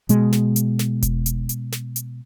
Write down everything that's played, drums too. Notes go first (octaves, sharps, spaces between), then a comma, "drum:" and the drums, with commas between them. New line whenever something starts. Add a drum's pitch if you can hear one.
B2 G#3, drum: hi-hat
drum: snare
drum: hi-hat
drum: snare
drum: kick E1, hi-hat
drum: hi-hat
drum: hi-hat
drum: snare
drum: hi-hat